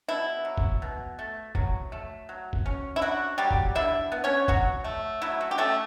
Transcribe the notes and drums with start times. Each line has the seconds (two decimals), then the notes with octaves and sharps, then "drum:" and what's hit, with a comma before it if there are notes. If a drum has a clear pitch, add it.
0.08 B2 E4
0.45 F#3
0.58 drum: kick
0.82 B2
1.19 A3
1.55 F#3, drum: kick
1.92 A3
2.29 F#3
2.53 drum: kick
2.66 C#4
2.96 E4
3.02 D4 F#4
3.38 F#3 G3 G4
3.51 drum: kick
3.75 D3 E4 E5
4.12 B3
4.24 C#4 C#5
4.48 F#3 F#4, drum: kick
4.84 A3
5.22 F#3 E4
5.41 F#4
5.51 G4
5.58 A3 C#4 A4